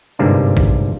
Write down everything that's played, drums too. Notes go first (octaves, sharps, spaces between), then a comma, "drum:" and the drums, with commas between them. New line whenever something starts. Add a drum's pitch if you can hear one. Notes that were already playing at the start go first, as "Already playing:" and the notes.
G1 G#2 C3 A#3 D4 A5
drum: kick A1